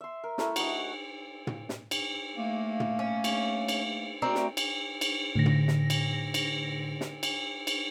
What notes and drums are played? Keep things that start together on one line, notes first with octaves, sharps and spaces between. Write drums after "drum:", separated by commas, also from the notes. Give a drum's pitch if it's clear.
E5 C6
A#4
A3 E4 A4 A#4, drum: snare
F#4 B4 D#5, drum: cymbal
drum: tom
drum: snare
drum: cymbal
A3 A#3
drum: tom
C#4
drum: cymbal
drum: cymbal
A3 C4 F#4 A#4 D5
drum: snare
drum: cymbal
drum: cymbal
A2 D3 A#6
drum: tom
drum: snare
drum: cymbal
drum: cymbal
drum: snare
drum: cymbal
drum: cymbal